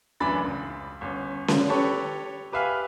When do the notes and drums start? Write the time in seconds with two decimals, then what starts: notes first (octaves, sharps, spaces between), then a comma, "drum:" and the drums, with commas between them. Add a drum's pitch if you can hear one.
0.20 D1 F#2 E3 D4 B5 A6
0.45 C#2
1.01 G1 C#4
1.48 drum: snare C#4
1.69 G4 A4 B4 C#5
2.52 G4 B4 E5 F5 G#5 F6